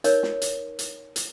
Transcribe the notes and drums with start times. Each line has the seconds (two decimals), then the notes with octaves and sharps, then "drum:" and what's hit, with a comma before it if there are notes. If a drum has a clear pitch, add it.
0.04 D#4 A#4 C#5 D#5, drum: hi-hat
0.23 drum: snare
0.42 drum: hi-hat
0.79 drum: hi-hat
1.16 drum: hi-hat